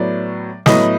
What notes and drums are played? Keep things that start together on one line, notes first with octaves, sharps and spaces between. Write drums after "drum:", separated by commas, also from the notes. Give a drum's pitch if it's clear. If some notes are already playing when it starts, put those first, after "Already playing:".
Already playing: A2 F#3 B3 D5
A2 F#3 B3 D#5, drum: snare